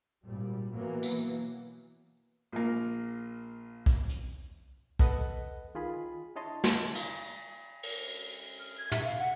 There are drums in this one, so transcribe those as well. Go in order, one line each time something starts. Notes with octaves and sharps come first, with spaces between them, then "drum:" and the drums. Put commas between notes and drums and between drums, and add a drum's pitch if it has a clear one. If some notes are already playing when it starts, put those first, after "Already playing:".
G#1 A#2 G3
B2 E3 F#3 A#3 B3
drum: tambourine
A#1 A#3
drum: kick
drum: hi-hat
A4 B4 D#5 F#5, drum: kick
D#3 F4 G#4 B5
D4 E4 C#5 D#5 A5 C6
drum: snare
drum: cymbal
drum: cymbal
F6
G#6
E5, drum: tom
F5
F#5